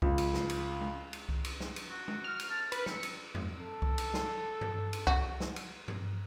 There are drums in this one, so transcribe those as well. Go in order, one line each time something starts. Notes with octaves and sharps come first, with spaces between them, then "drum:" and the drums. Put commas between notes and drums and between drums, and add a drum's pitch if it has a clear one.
C#2, drum: kick C2
drum: cymbal
drum: snare
drum: cymbal
drum: tom G#3
drum: cymbal
drum: kick C2
drum: cymbal
drum: snare
drum: cymbal
F#4
drum: tom G#3
F6
drum: cymbal
A5
A#4 B4, drum: cymbal
C4 C#7, drum: snare
drum: cymbal
drum: tom E2
A4
drum: kick C2
drum: cymbal
drum: snare
drum: tom G2
drum: cymbal
F#4, drum: kick C2
drum: snare
drum: cymbal
drum: tom G2